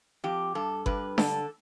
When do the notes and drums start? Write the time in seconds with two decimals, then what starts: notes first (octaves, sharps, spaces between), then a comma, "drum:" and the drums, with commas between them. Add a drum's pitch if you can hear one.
0.24 F2 G4
0.55 G2 A4
0.86 G2 B4, drum: kick G1
1.18 D3 A4, drum: snare D4